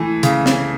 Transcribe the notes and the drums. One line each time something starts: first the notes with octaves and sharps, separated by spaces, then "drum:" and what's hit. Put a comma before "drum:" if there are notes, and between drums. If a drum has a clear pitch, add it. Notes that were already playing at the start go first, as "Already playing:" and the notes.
Already playing: E3 A3
C#3, drum: hi-hat
drum: snare